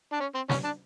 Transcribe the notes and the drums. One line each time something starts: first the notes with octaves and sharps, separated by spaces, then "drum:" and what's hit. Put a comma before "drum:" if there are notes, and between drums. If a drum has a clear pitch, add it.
D4
C#4
C4
C#4, drum: snare
D4